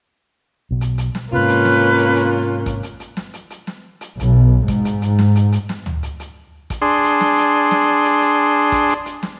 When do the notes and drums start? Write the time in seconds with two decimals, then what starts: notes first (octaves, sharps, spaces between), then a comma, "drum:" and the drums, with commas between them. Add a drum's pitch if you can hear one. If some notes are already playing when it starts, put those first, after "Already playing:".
0.71 B1 B2
0.81 drum: hi-hat
0.98 drum: hi-hat
1.15 drum: snare
1.33 G#2 C3 A#3 C#4 F4 B4
1.48 drum: hi-hat
1.65 drum: snare
1.99 drum: hi-hat
2.16 drum: hi-hat
2.66 drum: kick, hi-hat
2.83 drum: hi-hat
3.00 drum: hi-hat
3.17 drum: snare
3.34 drum: hi-hat
3.50 drum: hi-hat
3.67 drum: snare
4.01 drum: hi-hat
4.20 B1, drum: hi-hat
4.68 G#2, drum: kick, hi-hat
4.85 drum: hi-hat
5.02 drum: hi-hat
5.19 drum: snare
5.36 drum: hi-hat
5.52 drum: hi-hat
5.69 drum: snare
5.86 drum: tom
6.03 drum: hi-hat
6.20 drum: hi-hat
6.70 drum: kick, hi-hat
6.82 D4 G#4 C6
7.04 drum: hi-hat
7.21 drum: snare
7.37 drum: hi-hat
7.71 drum: snare
8.05 drum: hi-hat
8.22 drum: hi-hat
8.72 drum: kick, hi-hat
8.89 drum: hi-hat
9.06 drum: hi-hat
9.23 drum: snare